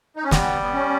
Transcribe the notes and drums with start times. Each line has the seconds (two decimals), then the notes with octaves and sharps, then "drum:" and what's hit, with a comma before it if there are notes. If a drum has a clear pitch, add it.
0.16 D#4
0.24 C#4
0.31 G3 B3, drum: snare
0.62 B3
0.73 C#4